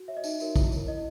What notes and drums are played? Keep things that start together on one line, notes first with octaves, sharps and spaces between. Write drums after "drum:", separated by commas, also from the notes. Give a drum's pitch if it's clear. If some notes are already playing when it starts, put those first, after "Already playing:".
Already playing: F#4
C#5 E5
D#5
D#4 E5, drum: tambourine
F#4 A#4 C#5, drum: tambourine
E4, drum: kick, tambourine
A#4 C#5, drum: tambourine
E4 D#5